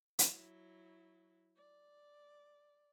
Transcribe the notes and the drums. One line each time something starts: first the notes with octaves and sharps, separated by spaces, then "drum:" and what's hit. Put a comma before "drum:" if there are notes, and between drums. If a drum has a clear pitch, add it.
F#3 E4, drum: hi-hat
D5